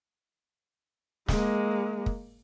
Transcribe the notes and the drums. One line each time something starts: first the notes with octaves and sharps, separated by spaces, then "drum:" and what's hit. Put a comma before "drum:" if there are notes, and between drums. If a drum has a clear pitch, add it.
G#3 A#3, drum: snare
drum: kick